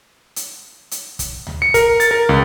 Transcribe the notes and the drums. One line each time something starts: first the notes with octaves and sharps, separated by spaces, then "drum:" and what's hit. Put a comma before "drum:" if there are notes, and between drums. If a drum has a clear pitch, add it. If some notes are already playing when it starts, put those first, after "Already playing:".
drum: hi-hat
drum: hi-hat
drum: kick, hi-hat
drum: tom D2
C#7
A#4, drum: kick, hi-hat
A6, drum: hi-hat
A#4
C#2